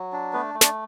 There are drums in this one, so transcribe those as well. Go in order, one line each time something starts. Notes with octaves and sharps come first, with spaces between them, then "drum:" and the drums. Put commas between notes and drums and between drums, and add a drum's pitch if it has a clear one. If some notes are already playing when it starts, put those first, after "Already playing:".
Already playing: F#3
D4
A3 B3 B4
A3
D4 D5, drum: snare